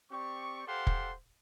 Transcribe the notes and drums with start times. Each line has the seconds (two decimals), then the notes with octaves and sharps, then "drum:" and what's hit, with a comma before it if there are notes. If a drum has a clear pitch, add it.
0.11 C4 G4 D5 C#6
0.67 G4 A4 C5 F5 F#5 C6
0.87 drum: kick